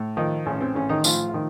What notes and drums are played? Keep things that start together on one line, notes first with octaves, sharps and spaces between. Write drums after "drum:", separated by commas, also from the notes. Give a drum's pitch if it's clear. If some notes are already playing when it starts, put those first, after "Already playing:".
Already playing: A2
D#3 F3 D#4
A1 C#4
C4
A1 C#4
D#3 D#4
A2 F3 F4, drum: tambourine
F4
D#3 F3 D#4